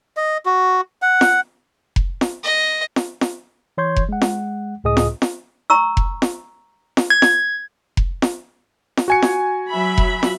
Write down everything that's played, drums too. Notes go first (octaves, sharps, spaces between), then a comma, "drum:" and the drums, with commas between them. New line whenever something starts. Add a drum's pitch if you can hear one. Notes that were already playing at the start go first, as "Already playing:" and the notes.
D#5
F#4
F#5
drum: snare
drum: kick F1
drum: snare
D#5
drum: snare
drum: snare
E3 C#5 C6 G6 G#6
drum: kick F1
G#3 F#5
drum: snare
C#2 A2 G#4 D#5 D#6
drum: snare
drum: snare
A#5 C#6 E6
drum: kick F1
drum: snare
drum: snare
G#6
drum: snare
drum: kick F1
drum: snare
drum: snare
F#4 G#5 C#7
drum: snare
F#3 E5 B5
drum: kick F1
drum: snare